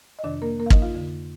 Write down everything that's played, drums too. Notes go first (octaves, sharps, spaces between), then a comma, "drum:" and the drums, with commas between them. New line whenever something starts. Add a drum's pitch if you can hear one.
D#5
F2 C3 D#3 D4 D5
A#3 A#4
A#3 A#4
F5
D#4 D#5, drum: kick
F4 F5
F2 D3